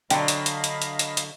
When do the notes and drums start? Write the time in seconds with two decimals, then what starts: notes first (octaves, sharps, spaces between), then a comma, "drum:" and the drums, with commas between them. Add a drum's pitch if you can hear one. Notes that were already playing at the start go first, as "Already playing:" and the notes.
0.10 D3 F#3 D#5 F5 G5 B5, drum: hi-hat
0.28 drum: hi-hat
0.46 drum: hi-hat
0.64 drum: hi-hat
0.82 drum: hi-hat
0.99 drum: hi-hat
1.17 drum: hi-hat